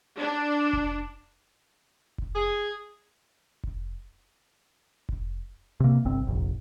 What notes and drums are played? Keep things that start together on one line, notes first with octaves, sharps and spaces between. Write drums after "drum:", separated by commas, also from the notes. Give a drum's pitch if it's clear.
D4
drum: kick F1
drum: kick F1
G#4
drum: kick F1
drum: kick F1
C3 A#3
G1 C2 C4
F1 A#1